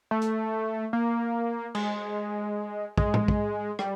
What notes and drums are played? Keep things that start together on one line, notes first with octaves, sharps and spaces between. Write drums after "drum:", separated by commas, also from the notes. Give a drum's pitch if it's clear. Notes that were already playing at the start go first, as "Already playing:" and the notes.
A3
drum: hi-hat
A#3
G#3, drum: cymbal
G#3, drum: kick
drum: tom
drum: kick
G3, drum: rim click